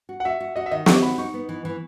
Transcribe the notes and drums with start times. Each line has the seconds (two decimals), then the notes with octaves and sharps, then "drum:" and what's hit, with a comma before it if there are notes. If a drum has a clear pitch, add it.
0.09 F#4
0.20 F#5
0.25 F#4 E5
0.40 F#4
0.56 F#4 D#5
0.66 E5
0.71 D#3 D#5
0.86 D#3 C#6, drum: snare
1.02 F#4 B5
1.18 D#4 C#6
1.34 B3
1.49 E3
1.65 E3